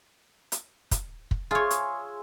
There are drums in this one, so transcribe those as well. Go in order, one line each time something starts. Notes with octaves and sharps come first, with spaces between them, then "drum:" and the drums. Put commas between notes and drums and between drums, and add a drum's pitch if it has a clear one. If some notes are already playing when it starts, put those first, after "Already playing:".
drum: hi-hat
drum: kick, hi-hat
drum: kick
F4 G#4 C#5 E5 C6
drum: hi-hat